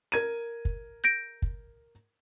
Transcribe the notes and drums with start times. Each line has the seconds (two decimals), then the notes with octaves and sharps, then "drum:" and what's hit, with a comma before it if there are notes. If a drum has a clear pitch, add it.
0.12 A#4 G#6 D#7
0.65 drum: kick
1.04 G6 A#6 D7
1.42 drum: kick